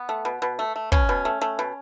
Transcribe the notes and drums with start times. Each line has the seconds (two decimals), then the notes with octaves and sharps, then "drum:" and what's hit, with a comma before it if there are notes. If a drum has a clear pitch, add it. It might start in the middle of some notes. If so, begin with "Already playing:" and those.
Already playing: B3
0.09 A3
0.25 B2
0.42 B2
0.59 A3
0.76 A3
0.92 B2 C#4, drum: kick
1.09 B2
1.25 A3
1.41 A3
1.59 B2